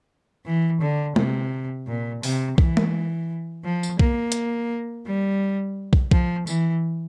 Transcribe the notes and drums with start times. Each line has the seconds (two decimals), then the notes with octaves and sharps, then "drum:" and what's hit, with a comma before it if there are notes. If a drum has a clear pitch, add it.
0.45 E3
0.81 D3
1.16 C3, drum: tom
1.87 A#2
2.23 C3, drum: open hi-hat
2.58 E3, drum: kick
2.77 drum: tom
3.64 F3
3.83 drum: tambourine
3.99 A#3, drum: kick
4.32 drum: hi-hat
5.06 G3
5.93 drum: kick
6.11 F3, drum: kick
6.47 E3, drum: tambourine